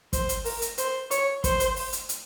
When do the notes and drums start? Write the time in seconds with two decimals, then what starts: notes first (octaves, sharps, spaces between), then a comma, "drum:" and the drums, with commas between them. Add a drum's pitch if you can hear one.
0.13 C5, drum: kick, hi-hat
0.29 drum: hi-hat
0.45 A#4, drum: open hi-hat
0.62 drum: hi-hat
0.78 C5, drum: hi-hat
1.11 C#5, drum: hi-hat
1.44 C5, drum: kick, hi-hat
1.60 drum: hi-hat
1.76 drum: open hi-hat
1.93 drum: hi-hat
2.09 drum: hi-hat